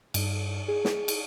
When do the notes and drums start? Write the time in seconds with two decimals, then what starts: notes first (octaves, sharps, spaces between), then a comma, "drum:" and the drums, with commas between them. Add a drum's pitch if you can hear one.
0.14 G2, drum: cymbal
0.68 G#4
0.85 drum: snare
1.08 drum: cymbal